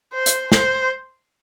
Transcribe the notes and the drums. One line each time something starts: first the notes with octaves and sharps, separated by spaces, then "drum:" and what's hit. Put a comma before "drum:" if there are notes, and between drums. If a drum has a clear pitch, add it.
C5
drum: hi-hat
C5, drum: snare